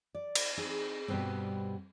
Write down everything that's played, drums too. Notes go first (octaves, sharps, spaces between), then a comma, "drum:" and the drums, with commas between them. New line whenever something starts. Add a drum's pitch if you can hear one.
D5
drum: cymbal
C4 D#4 G#4
G2 B2 G3 B3 C4